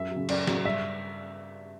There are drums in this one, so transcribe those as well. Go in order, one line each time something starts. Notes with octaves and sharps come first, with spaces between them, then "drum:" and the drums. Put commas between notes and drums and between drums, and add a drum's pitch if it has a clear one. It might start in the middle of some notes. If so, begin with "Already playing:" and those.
Already playing: F#2 E5
F#3
C#3
F#2 D5, drum: cymbal
C#3 F#3, drum: snare
G2 E5